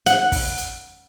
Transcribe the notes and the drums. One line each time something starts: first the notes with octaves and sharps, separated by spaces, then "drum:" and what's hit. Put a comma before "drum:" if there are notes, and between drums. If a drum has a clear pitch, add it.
F#5, drum: hi-hat
drum: kick, open hi-hat
drum: hi-hat